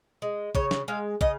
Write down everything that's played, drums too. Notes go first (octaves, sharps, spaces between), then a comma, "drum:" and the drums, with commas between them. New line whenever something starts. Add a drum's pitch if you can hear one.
G#3
C#3 C#5, drum: kick
drum: snare
G#3 F5
C#3 D#5, drum: kick